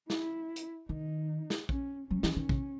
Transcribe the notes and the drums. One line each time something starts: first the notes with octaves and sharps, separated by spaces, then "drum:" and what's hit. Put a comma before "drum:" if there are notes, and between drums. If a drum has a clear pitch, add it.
E4, drum: snare
drum: hi-hat
D#3 D#4
drum: snare
C#4, drum: kick
F#3 C#4
E3, drum: snare
D#3
C#3, drum: kick